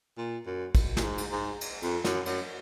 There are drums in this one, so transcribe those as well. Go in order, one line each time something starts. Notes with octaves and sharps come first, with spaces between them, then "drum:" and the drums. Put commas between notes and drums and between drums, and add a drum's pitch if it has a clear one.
A#2
F#2
drum: kick, cymbal
A#2, drum: snare
G#2
drum: cymbal
G#2
drum: cymbal
F2, drum: cymbal
F#2, drum: snare
F#2, drum: cymbal